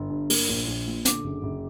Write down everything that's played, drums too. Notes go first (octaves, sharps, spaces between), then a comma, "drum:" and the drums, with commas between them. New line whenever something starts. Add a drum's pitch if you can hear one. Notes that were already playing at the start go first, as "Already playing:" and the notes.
Already playing: G1
G2
A#3, drum: open hi-hat
A#1
A#1
A#2
D3 D6, drum: hi-hat
F#1
F#1